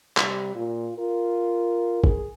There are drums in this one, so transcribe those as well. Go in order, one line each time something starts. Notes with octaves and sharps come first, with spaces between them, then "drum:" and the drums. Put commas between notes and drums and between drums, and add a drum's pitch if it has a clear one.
C3 G3, drum: clap
A#2 F4
F4 A#4
G#4, drum: kick